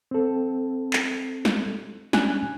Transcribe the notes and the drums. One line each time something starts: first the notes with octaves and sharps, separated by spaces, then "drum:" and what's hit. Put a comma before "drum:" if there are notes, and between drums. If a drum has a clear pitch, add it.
C4 A4
drum: clap
drum: snare
C#4 D4 G#5 F#6, drum: snare